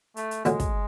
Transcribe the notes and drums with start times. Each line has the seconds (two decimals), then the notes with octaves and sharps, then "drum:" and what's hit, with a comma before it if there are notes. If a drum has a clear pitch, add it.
0.17 A3, drum: hi-hat
0.31 drum: hi-hat
0.45 D2 D3 F#3 G#3, drum: hi-hat
0.60 drum: kick, hi-hat